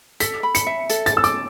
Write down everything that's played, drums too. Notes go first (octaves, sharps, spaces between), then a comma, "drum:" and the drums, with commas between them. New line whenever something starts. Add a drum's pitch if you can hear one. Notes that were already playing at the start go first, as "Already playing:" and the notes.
A4 B6, drum: hi-hat
B5
C#7, drum: hi-hat
E5
A4, drum: hi-hat
A6, drum: hi-hat
A4 E6
D6, drum: hi-hat